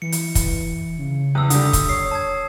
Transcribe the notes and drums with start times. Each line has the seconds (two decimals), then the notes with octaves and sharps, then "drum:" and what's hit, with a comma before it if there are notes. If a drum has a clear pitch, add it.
0.02 E3 C#7
0.12 drum: hi-hat
0.35 drum: kick, hi-hat
0.99 C#3
1.35 E2 D#6 E6
1.50 D3 G3 D#6, drum: hi-hat
1.73 drum: kick, hi-hat
1.89 C#5 D#6 C7
2.11 A5 G#6